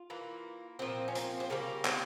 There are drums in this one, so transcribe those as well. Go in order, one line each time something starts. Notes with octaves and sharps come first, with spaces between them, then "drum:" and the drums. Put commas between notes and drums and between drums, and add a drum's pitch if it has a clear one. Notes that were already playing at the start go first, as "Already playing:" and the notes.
Already playing: F4
E3 A#3
A#2 F3 A#3 C4
C#4
C4, drum: hi-hat
C5
C#3 G3 A#3 A#4
C4, drum: clap